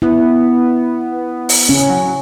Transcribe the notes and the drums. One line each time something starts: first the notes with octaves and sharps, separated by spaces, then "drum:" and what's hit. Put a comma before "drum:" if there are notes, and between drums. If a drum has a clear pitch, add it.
B3 E4
drum: open hi-hat
C#3 C#4
F#3